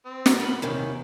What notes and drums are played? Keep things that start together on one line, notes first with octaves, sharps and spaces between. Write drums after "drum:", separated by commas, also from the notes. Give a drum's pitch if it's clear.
C4
drum: snare
F4 A#4 B5
E2 C3 D#3 C#4